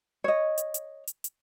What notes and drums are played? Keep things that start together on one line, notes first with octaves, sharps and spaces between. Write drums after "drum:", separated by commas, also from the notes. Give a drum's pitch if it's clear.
C#5 D#5
drum: hi-hat
drum: hi-hat
drum: hi-hat
drum: hi-hat